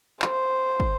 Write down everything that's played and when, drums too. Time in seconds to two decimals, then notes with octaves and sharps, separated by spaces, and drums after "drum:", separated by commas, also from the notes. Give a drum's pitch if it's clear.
0.22 C5, drum: clap
0.80 drum: kick